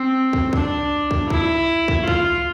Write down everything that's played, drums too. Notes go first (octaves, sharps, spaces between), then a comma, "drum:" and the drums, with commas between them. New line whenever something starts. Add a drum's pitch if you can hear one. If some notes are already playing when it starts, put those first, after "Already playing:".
Already playing: C4
drum: kick
D4, drum: kick
drum: kick
E4, drum: kick
drum: kick
F4, drum: kick